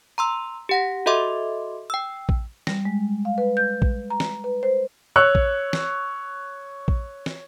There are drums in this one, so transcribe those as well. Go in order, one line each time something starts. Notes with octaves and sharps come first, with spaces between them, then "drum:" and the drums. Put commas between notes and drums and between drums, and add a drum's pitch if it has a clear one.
A#5 C6 E6
G4 F#5 A#6
F#4 A4 D#5 E5 C6 D6
G5 E6
drum: kick A#1
G3, drum: snare
G#3
F5
B4
G6
drum: kick A#1
A#5
drum: snare
B4
C5
C#5 C#6 E6 F#6
drum: kick A#1
drum: snare
drum: kick A#1
drum: snare